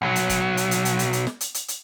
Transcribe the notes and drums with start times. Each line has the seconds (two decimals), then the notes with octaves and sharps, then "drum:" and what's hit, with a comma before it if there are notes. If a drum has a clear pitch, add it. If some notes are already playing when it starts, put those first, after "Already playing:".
0.02 B1 F#3
0.16 drum: hi-hat
0.29 drum: kick, hi-hat
0.57 drum: hi-hat
0.71 drum: hi-hat
0.85 drum: hi-hat
0.99 drum: hi-hat
1.13 drum: hi-hat
1.27 drum: snare
1.41 drum: hi-hat
1.54 drum: hi-hat
1.68 drum: hi-hat